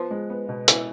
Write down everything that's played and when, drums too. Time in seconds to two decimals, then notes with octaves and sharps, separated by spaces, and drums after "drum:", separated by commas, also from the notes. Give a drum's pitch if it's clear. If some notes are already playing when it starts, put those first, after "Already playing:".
Already playing: F3 B3
0.11 G#3
0.30 B3
0.49 B2
0.68 B2 E3, drum: hi-hat